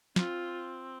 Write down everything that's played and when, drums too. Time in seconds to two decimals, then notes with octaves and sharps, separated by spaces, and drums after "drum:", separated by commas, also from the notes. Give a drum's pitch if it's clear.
0.16 C4 F4, drum: snare